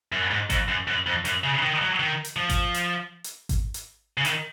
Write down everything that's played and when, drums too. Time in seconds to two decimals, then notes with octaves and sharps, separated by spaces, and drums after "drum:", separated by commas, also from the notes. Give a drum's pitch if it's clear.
0.12 F#2
0.31 G#2
0.50 F2, drum: kick G#1, hi-hat
0.68 F#2
0.87 F#2
1.06 F2
1.25 F#2, drum: hi-hat
1.44 C#3
1.62 D#3
1.81 F#3
2.00 D#3
2.25 drum: hi-hat
2.36 F3
2.49 drum: kick G#1, hi-hat
2.74 drum: hi-hat
3.24 drum: hi-hat
3.49 drum: kick G#1, hi-hat
3.74 drum: hi-hat
4.17 C#3
4.25 D#3, drum: hi-hat